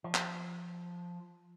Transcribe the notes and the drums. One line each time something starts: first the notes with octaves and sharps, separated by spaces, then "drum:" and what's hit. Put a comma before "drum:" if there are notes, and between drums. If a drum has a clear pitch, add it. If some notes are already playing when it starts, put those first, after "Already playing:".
F3
drum: clap